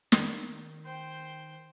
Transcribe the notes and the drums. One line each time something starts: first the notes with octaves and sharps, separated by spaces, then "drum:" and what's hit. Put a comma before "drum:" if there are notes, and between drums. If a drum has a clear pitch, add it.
D#3, drum: snare
C5 G5